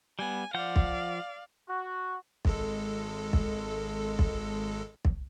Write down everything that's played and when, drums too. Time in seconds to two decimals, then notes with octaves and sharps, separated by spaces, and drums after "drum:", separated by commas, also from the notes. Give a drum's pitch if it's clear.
0.19 G3 B3 G#5
0.54 F3 D5 F5 F#5 G6
0.76 drum: kick
1.69 F#4
2.45 G#1 G#3 A4, drum: kick
3.33 drum: kick
4.19 drum: kick
5.05 drum: kick